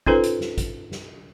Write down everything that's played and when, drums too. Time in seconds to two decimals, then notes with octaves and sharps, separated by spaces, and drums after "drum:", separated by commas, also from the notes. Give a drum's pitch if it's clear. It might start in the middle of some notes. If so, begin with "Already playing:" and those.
0.06 C#4 D#4 F4 A4 B4 C5, drum: kick
0.23 drum: hi-hat
0.41 drum: snare
0.58 drum: kick, hi-hat
0.92 drum: snare